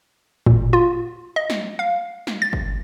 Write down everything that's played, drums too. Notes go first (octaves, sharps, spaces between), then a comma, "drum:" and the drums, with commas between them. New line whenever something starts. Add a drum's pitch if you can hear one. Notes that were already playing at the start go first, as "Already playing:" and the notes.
A#2, drum: kick G1
F4
D#5
drum: snare
F5
drum: snare
A6
drum: kick G1